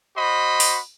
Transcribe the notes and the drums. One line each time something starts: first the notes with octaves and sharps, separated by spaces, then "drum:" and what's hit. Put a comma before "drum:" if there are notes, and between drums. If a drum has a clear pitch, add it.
F#4 C5 D#5 B5
drum: open hi-hat